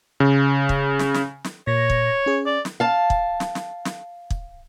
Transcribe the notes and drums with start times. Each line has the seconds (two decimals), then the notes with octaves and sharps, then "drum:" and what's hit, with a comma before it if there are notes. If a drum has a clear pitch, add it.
0.20 C#3
0.69 drum: kick
0.99 drum: snare
1.14 drum: snare
1.44 drum: snare
1.67 A#2 C#5 A#6
1.90 drum: kick
2.26 C#4 G#4
2.46 D5
2.65 drum: snare
2.80 F5 A5
3.10 drum: kick
3.40 drum: snare
3.55 drum: snare
3.85 drum: snare
4.30 drum: kick